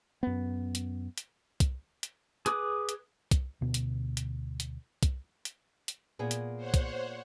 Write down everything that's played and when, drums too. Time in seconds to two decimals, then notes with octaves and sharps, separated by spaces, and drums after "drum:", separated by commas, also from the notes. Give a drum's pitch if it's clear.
0.23 F#2 B3
0.75 drum: hi-hat
1.18 drum: hi-hat
1.60 drum: kick, hi-hat
2.03 drum: hi-hat
2.46 G#4 B4 D6 D#6, drum: hi-hat
2.89 drum: hi-hat
3.31 drum: kick, hi-hat
3.61 D2 B2 B3
3.74 drum: hi-hat
4.17 drum: hi-hat
4.60 drum: hi-hat
5.03 drum: kick, hi-hat
5.45 drum: hi-hat
5.88 drum: hi-hat
6.19 A#2 B3 G#4
6.31 drum: hi-hat
6.56 C5 C#5 F#5
6.74 drum: kick, hi-hat